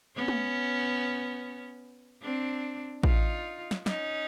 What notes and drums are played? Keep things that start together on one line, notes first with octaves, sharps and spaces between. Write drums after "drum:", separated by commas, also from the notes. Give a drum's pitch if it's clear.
B3 C#4
drum: tom
C4 D4
D#4 F4, drum: kick A1
drum: snare
C#4 D#4, drum: snare